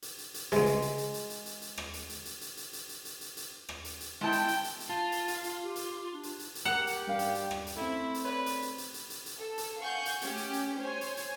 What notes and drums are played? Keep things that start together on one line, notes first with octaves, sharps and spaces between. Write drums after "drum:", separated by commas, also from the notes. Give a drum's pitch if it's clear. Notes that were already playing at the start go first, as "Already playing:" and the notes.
drum: hi-hat
drum: hi-hat
drum: hi-hat
C#2 C3 G#3, drum: hi-hat
drum: hi-hat
drum: hi-hat
drum: hi-hat
drum: hi-hat
drum: hi-hat
drum: hi-hat
drum: hi-hat
drum: rim click
drum: hi-hat
drum: hi-hat
drum: hi-hat
drum: hi-hat
drum: hi-hat
drum: hi-hat
drum: hi-hat
drum: hi-hat
drum: hi-hat
drum: hi-hat
drum: rim click
drum: hi-hat
drum: hi-hat
G#3 E4 G5 A5
drum: hi-hat
drum: hi-hat
drum: hi-hat
drum: hi-hat
F4 A5
drum: hi-hat
drum: hi-hat
drum: hi-hat
G4
drum: hi-hat
D4
drum: hi-hat
drum: hi-hat
drum: hi-hat
G4 A#4 F#5 A#5
drum: hi-hat
G2 D4 A#4 F5 G5
drum: hi-hat
drum: hi-hat
drum: rim click
drum: hi-hat
A3 C4 E4
drum: hi-hat
B4 C#5 D5
drum: hi-hat
drum: hi-hat
drum: hi-hat
drum: hi-hat
drum: hi-hat
drum: hi-hat
A4
drum: hi-hat
F5 F#5 G#5 C#6 G6
drum: hi-hat
A3 C#4 G4, drum: hi-hat
drum: hi-hat
drum: hi-hat
C5 C#5 G#5
drum: hi-hat
drum: hi-hat